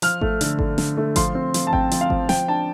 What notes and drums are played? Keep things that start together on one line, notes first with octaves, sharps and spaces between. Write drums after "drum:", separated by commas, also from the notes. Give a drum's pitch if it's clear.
F3 F6, drum: hi-hat
A3, drum: kick G#1
D3, drum: hi-hat
D3, drum: kick G#1
D3, drum: snare
A3
F3 C6, drum: kick G#1, hi-hat
C4
F3, drum: hi-hat
A5
C4 G5, drum: kick G#1
F3, drum: hi-hat
F5
F3, drum: kick G#1
F3 G5, drum: snare
D4 A5